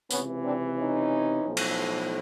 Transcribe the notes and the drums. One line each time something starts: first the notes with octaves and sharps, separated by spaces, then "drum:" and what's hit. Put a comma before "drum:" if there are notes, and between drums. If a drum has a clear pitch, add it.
C#2 C3 E3 B3 C#4, drum: tambourine
C4 D4
C#4 D#4
B1 A2 F3
drum: cymbal